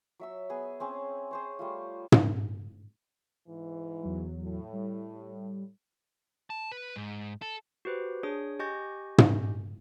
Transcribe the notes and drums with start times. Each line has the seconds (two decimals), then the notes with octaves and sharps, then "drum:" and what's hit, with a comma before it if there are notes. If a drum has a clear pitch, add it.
0.20 F#3 E5 E6
0.50 B3 G#4
0.80 C4 C#4 G#4
1.31 G#4 C5 C#5
1.59 G3 A3 F4
2.12 drum: tom
3.48 G#2 E3
4.03 E2 F#3
4.43 A2
4.73 G3
6.50 A5
6.72 B4
6.96 G#2
7.42 A4
7.85 F#4 G4 B4 C5
8.23 D4 G#4 C#5 D#6
8.59 G4 D#5 G#5 C#6 G6 A#6
9.18 drum: tom